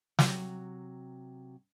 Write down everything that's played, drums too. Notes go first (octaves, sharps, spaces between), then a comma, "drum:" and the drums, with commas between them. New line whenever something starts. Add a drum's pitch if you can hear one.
C3 F#3, drum: snare